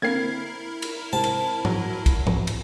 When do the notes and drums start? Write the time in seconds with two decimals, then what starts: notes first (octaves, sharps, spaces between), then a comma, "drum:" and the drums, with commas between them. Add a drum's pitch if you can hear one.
0.02 D3 A#3 C4 E4 A#4 G#6 C7
0.82 drum: cymbal
1.13 G#2 C3 C4 A5
1.24 drum: cymbal
1.65 F#3, drum: tom G#2
2.06 drum: kick, cymbal
2.27 drum: tom G#2
2.47 drum: cymbal